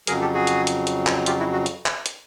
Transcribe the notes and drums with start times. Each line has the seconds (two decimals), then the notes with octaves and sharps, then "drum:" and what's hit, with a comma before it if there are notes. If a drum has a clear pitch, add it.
0.07 F2 C#3 F#3 G#4 A#4, drum: hi-hat
0.21 G4 A4
0.34 F#4 G#4
0.47 drum: hi-hat
0.67 drum: hi-hat
0.87 drum: hi-hat
1.07 drum: clap
1.26 F4 G4, drum: hi-hat
1.40 E4 F#4
1.53 F#4
1.66 drum: hi-hat
1.86 drum: clap
2.06 drum: hi-hat